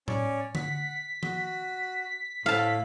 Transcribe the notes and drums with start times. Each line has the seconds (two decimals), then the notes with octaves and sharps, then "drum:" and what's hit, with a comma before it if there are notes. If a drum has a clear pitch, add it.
0.08 C#4 C#5 D5, drum: tom A2
0.55 F#5 B6, drum: tom D3
1.23 F#4, drum: tom D#3
2.46 A2 E4 F5 A5 B5